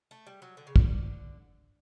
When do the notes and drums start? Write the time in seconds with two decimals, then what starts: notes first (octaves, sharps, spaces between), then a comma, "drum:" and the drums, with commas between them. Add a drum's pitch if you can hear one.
0.11 A3
0.27 G3
0.42 F#3
0.57 D3
0.67 C#3
0.76 D3, drum: kick